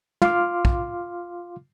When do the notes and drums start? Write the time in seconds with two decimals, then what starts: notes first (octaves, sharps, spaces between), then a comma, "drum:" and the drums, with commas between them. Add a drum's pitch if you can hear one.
0.22 F4 F5 C6 D6 F6, drum: tom
0.65 drum: kick